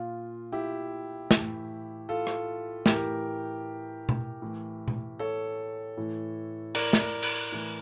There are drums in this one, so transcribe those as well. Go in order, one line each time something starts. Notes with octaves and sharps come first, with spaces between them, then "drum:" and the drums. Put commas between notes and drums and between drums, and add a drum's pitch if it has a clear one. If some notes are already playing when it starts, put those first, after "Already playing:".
Already playing: A#2 F4
E4 G4
A2 E3, drum: snare
F4 A4
drum: rim click
A2 E3 G4 A#4, drum: snare
drum: tom B2
A2 E3
drum: tom B2
A4 C#5
A2 E3
A#4 D5, drum: cymbal
drum: snare
drum: cymbal
A2 E3